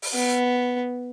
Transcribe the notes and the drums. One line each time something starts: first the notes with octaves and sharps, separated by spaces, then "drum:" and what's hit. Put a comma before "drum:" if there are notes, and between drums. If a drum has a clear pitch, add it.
drum: open hi-hat
B3